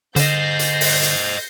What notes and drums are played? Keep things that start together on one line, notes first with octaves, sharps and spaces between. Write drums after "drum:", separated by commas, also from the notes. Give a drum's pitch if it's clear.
D3 C5 D#5 G6 A#6 C7, drum: hi-hat
drum: hi-hat
drum: open hi-hat
drum: hi-hat